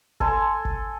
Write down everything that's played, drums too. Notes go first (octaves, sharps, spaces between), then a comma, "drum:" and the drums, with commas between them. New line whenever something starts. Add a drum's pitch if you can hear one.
A4 G#5 C6, drum: kick G#1
drum: kick G#1